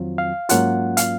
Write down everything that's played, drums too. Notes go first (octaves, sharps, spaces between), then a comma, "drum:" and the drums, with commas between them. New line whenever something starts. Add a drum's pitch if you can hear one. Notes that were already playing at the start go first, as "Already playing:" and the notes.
Already playing: F2 D#3 F#3 C4 F4
F5
G#2 F#3 A#3 C#4 F4 F#5, drum: hi-hat
F5, drum: hi-hat